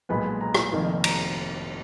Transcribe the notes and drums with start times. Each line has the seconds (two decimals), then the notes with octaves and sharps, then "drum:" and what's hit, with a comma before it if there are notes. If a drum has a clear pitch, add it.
0.09 B1 A#2 G#3 B3 B5
0.41 A#5
0.55 drum: rim click
0.72 F1 F2 D#3 A#3
1.04 A#5, drum: cymbal